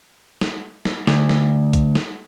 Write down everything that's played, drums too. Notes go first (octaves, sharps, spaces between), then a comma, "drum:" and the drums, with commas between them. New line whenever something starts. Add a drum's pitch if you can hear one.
drum: snare
drum: snare
D2, drum: snare
drum: snare
drum: kick B1, hi-hat
drum: snare